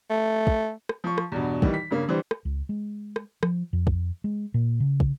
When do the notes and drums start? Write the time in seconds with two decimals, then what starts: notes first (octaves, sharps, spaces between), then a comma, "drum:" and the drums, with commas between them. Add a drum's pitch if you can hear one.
0.10 A3
0.47 drum: kick
0.89 drum: rim click
1.04 F3 C#6
1.18 drum: rim click
1.32 E2 G2 B2
1.62 D#3 E3 G3, drum: kick
1.74 B6
1.91 G2 C#3 A#3
2.08 D3 E3 G3 C5
2.31 drum: rim click
2.45 C#2
2.69 G#3
3.16 drum: rim click
3.43 F3, drum: rim click
3.73 F2
3.87 drum: kick
4.24 G#3
4.54 A#2
4.80 C#3
5.00 drum: kick